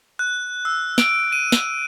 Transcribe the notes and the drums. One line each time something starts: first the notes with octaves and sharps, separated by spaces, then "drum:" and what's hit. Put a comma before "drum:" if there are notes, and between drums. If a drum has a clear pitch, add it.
F#6
E6
D7, drum: snare
D#7
drum: snare